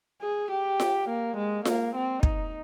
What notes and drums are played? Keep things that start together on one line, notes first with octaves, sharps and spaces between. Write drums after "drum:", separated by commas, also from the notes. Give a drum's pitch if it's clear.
G#4
G4
drum: snare F4
A#3
G#3
A#3, drum: snare F4
C4
D#4, drum: kick